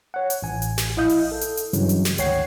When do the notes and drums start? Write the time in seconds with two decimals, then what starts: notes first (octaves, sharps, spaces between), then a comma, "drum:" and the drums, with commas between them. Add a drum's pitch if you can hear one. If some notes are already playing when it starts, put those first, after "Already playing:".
0.14 C#5 F#5
0.30 drum: hi-hat
0.42 A1 G#5
0.62 drum: hi-hat
0.78 drum: snare
0.97 A#1 E4 D#5 F5 D#6 G6
1.09 drum: open hi-hat
1.32 A4
1.41 drum: hi-hat
1.57 drum: hi-hat
1.73 G2 C#3 E3 F#3 G#3, drum: hi-hat
1.89 drum: hi-hat
2.05 drum: snare
2.18 G#1 D2 C#5 F#5 G5 C7, drum: hi-hat